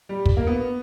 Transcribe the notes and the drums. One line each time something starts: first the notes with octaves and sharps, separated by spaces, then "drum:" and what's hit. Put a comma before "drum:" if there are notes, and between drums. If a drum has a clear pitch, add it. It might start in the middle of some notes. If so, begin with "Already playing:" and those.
G3
drum: kick
A#3
B3